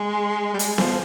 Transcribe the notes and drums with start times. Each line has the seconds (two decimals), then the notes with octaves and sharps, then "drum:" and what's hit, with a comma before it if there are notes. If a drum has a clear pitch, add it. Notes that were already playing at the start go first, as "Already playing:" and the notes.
Already playing: G#3
0.54 G3
0.59 G#3, drum: hi-hat
0.78 F3, drum: snare B3